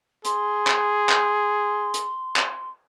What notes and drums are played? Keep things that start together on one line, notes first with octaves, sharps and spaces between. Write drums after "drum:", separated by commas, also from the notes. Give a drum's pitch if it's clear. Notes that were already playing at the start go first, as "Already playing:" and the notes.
G#4 C6, drum: hi-hat
drum: clap
drum: clap
drum: hi-hat
drum: clap